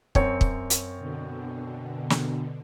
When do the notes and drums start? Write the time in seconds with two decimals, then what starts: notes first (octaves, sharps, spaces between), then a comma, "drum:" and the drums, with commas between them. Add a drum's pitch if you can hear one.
0.15 F#2 C4 C#5, drum: kick
0.41 drum: kick
0.70 drum: hi-hat
0.98 B2 D3
2.10 drum: snare